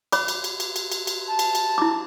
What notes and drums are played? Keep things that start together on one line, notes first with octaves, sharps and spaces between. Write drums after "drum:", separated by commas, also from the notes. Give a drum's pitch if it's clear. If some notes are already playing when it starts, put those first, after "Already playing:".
C#5 B5 D6, drum: cymbal
drum: cymbal
drum: cymbal
drum: cymbal
drum: cymbal
drum: cymbal
drum: cymbal
A5
drum: cymbal
drum: cymbal
E4 D6